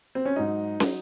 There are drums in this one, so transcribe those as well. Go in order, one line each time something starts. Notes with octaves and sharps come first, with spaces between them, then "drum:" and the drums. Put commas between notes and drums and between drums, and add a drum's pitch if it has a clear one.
C4
C#4
G#2 F#3 D#4
F#3, drum: snare